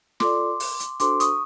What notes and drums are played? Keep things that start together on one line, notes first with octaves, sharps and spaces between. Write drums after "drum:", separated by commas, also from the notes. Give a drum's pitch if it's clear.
F4 A4 D5 C6 D6, drum: snare
drum: open hi-hat
drum: hi-hat
D4 F#4 A4 C5 C6 D6, drum: hi-hat
C#6 D#6, drum: hi-hat